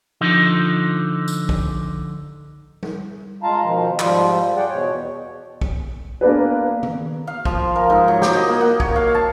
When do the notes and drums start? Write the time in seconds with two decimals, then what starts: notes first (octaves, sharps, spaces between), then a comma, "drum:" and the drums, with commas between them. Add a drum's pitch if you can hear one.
0.21 D3 F3 D#4
1.28 drum: tambourine
1.49 drum: kick
2.83 drum: tom G3
3.43 G#3 F4 F5 A5 A#5
3.63 B2 D#3 F3
3.99 G#2 F3 G3 F4, drum: clap
4.57 G3 G#4 D5 F#5 G5
4.70 E2 B2 C#5
5.61 drum: kick
6.21 A#3 B3 D4 G#4 B4
6.83 drum: tom
7.27 F5
7.45 F3, drum: kick
7.76 A#4
7.90 G#2
8.08 F#3
8.22 G4, drum: snare
8.36 D#5
8.49 A#3
8.61 F#5
8.80 C#5, drum: kick
8.96 F5
9.14 A5